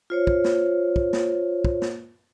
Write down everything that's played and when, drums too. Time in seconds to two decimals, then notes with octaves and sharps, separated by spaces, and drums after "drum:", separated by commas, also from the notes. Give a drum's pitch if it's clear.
0.10 F4 C5 C#5
0.27 drum: kick
0.44 drum: snare
0.96 drum: kick
1.13 drum: snare
1.65 drum: kick
1.82 drum: snare